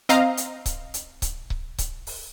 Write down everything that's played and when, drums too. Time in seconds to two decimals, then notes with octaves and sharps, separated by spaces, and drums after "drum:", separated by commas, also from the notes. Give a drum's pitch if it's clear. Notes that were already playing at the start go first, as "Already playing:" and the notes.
0.09 C4 D#5 F5 A#5, drum: hi-hat
0.37 drum: hi-hat
0.66 drum: kick C#1, hi-hat
0.94 drum: hi-hat
1.22 drum: kick C#1, hi-hat
1.50 drum: kick C#1
1.78 drum: kick C#1, hi-hat
2.07 drum: open hi-hat